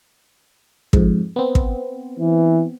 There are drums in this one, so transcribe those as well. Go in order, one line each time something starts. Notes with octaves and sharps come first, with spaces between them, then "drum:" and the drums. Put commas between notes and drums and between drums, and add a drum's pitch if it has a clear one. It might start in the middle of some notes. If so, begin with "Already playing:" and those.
F2 G#2, drum: kick
B3 C4
drum: kick
E3